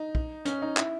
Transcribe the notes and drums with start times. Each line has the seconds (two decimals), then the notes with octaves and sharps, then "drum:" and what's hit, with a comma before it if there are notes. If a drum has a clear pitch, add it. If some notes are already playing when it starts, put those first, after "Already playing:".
Already playing: D#4
0.15 drum: kick
0.45 C#4, drum: hi-hat
0.62 D#4
0.77 E4, drum: clap